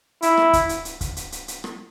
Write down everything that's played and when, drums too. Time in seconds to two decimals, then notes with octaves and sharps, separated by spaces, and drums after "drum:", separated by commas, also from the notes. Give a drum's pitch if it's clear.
0.22 E4, drum: hi-hat
0.38 drum: rim click
0.53 drum: kick, hi-hat
0.69 drum: hi-hat
0.85 drum: hi-hat
1.01 drum: kick, hi-hat
1.16 drum: hi-hat
1.32 drum: hi-hat
1.48 drum: hi-hat
1.64 drum: rim click